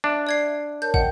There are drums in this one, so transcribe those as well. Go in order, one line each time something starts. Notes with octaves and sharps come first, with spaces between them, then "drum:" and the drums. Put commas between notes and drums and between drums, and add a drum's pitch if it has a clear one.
D4 E5
D5 G#6 C7
A#4 C#5 A5 G6
D#5 F#5 G5, drum: kick